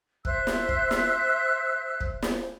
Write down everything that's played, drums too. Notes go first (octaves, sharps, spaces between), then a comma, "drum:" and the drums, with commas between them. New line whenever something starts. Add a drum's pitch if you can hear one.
C5 E5 E6 F#6, drum: kick
drum: snare
drum: kick
drum: snare
drum: kick
drum: snare